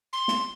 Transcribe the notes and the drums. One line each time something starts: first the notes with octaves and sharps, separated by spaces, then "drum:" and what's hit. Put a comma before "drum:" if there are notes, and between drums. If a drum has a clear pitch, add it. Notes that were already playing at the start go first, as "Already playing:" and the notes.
C6
drum: snare